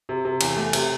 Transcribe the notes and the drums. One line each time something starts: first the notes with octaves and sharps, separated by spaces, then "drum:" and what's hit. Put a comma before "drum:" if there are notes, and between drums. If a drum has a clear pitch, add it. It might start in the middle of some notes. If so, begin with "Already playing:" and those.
C3
C3
E2, drum: cymbal
A3
C3, drum: cymbal